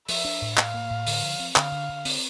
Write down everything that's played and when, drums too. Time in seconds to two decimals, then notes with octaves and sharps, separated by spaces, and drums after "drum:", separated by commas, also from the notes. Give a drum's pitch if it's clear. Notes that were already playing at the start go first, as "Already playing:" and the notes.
0.09 F3 E5, drum: open hi-hat
0.25 D4
0.42 A2
0.57 A2 F5, drum: clap
0.74 A#3
0.90 A2
1.07 D3, drum: open hi-hat
1.23 F3
1.40 C4
1.56 D3 F5, drum: clap
1.72 D3
1.89 D3
2.05 C4, drum: open hi-hat